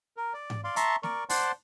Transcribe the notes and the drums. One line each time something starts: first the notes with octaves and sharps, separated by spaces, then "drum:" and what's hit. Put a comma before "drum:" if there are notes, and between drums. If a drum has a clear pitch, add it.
A#4
D5
drum: tom G#2
D5 F5 C6
E5 A5 A#5 C6 C#6, drum: hi-hat
A#4 D5 C#6, drum: snare
C5 D5 F#5 A5 C6, drum: open hi-hat